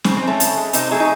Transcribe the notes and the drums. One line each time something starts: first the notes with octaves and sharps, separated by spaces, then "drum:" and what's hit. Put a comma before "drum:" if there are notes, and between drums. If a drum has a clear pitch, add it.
C#3 C4, drum: snare C#4
C4
G#3
A3 C#4
C#3, drum: hi-hat
G#3
C3 C4 D#4, drum: hi-hat
F#3 A3 E4 G#4
D#4